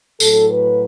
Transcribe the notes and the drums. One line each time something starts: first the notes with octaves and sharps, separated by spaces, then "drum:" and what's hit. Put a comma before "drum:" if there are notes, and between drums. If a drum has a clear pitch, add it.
A2 F#3 A4, drum: tambourine
B4